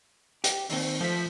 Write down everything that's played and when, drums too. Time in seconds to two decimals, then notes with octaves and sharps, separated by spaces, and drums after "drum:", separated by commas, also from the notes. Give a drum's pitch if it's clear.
0.44 G4, drum: hi-hat
0.69 D#2 D#3 C4, drum: open hi-hat
1.01 F3 A3 F4 B6